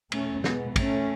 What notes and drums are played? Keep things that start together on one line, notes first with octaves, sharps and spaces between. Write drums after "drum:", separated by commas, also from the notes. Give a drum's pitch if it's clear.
E2 B2 A3 C#4, drum: cymbal
G#3 B3, drum: snare
A3 C#4, drum: kick, cymbal